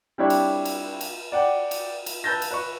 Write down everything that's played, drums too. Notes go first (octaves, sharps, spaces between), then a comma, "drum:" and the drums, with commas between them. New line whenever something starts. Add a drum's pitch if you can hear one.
G3 C4 D4 E4 G4 C#5
drum: cymbal
drum: cymbal
drum: cymbal
D5 F#5 G5
drum: cymbal
drum: cymbal
B4 A5 E6 G6 A6 A#6
drum: cymbal
B4 C#5 C#6